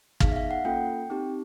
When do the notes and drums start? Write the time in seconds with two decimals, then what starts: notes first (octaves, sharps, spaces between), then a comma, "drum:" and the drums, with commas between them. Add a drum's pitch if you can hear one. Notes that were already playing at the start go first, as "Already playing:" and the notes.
0.20 B3 D#4 G#4 F5, drum: kick
0.32 E5
0.36 F5
0.51 F#5
0.65 A#3 C#4 F4 A4 G5
1.10 C4 D#4 G4